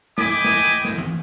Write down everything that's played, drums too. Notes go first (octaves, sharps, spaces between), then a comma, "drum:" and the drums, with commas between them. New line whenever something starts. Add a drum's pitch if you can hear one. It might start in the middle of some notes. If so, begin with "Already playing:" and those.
D#5 G5 G#5 B5 D6, drum: snare
drum: hi-hat
drum: snare
drum: hi-hat
drum: snare
drum: tom E3